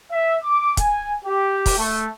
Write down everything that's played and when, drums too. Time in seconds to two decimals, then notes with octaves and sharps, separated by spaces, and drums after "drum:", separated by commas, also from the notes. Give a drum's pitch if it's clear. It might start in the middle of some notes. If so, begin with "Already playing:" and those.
0.11 E5
0.42 D6
0.77 G#5, drum: kick, hi-hat
1.25 G4
1.66 drum: kick, open hi-hat
1.77 A3